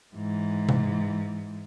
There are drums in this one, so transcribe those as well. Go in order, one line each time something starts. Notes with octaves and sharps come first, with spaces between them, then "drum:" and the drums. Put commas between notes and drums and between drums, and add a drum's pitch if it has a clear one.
G#2 E3
drum: tom C3